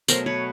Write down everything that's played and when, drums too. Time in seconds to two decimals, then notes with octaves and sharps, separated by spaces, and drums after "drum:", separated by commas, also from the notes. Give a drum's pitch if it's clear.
0.08 B2 F#3 A3 A#4 C5, drum: tambourine
0.26 B4 C#5